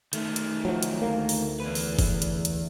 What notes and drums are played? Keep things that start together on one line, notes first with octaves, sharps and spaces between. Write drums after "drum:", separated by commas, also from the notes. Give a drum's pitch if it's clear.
D#3 A3, drum: hi-hat
drum: hi-hat
F3 F#3
drum: hi-hat
D2 A#3
drum: open hi-hat
E2 B4
drum: open hi-hat
drum: kick, open hi-hat
drum: hi-hat
drum: hi-hat